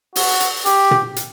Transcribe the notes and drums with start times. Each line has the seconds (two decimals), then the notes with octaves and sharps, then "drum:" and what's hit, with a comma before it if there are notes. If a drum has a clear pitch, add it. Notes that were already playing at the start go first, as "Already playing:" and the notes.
0.16 F#4, drum: open hi-hat
0.40 drum: hi-hat
0.66 G4, drum: hi-hat
0.91 drum: tom
1.16 drum: hi-hat